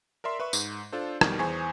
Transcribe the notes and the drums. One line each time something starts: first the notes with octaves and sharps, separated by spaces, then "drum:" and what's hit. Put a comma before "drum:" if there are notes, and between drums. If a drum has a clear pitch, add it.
A#4 D5 E5 C6
B4 E5 C#6
G#2, drum: tambourine
D4 F4 A4 C5
F2 B2 D#3 G3, drum: rim click
E2 E3 G#4 C5 G#5 C#6